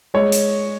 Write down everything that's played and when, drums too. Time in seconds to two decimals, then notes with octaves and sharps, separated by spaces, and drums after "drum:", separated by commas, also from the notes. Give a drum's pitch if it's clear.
0.14 G#3 C#5
0.32 drum: hi-hat